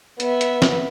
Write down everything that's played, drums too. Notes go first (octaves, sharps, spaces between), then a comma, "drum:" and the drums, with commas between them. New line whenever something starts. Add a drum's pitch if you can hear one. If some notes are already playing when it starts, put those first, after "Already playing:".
B3 E5, drum: hi-hat
drum: hi-hat
drum: snare